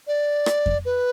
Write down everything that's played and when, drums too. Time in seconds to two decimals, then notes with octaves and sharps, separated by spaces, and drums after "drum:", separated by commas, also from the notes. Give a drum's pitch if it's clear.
0.07 D5
0.46 drum: rim click
0.66 drum: kick F2
0.85 B4